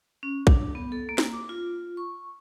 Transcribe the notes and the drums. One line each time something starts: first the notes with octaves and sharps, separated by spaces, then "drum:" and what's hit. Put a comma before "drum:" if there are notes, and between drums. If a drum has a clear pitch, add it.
C#4
D4, drum: kick A#1
B3
A4
A#3
drum: snare
D6
F4
C#6